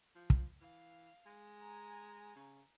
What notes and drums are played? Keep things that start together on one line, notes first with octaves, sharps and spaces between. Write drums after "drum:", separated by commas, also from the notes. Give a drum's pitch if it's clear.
F3
drum: kick
E3 F5
G#3
G#5 A#5
C#3